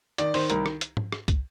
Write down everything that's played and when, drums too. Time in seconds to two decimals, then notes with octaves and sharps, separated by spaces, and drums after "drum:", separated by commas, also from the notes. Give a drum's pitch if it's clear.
0.18 D#3 D5, drum: hi-hat
0.34 D#3 C5, drum: open hi-hat
0.50 C2 A#4, drum: hi-hat
0.66 drum: rim click
0.81 drum: hi-hat
0.97 drum: tom
1.12 drum: rim click
1.28 drum: kick, hi-hat